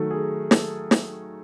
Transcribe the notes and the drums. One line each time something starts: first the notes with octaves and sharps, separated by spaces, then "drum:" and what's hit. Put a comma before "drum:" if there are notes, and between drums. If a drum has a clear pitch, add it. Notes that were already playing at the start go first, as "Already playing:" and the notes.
Already playing: D#3 F#3 A3 A4
G#4
A4, drum: snare
drum: snare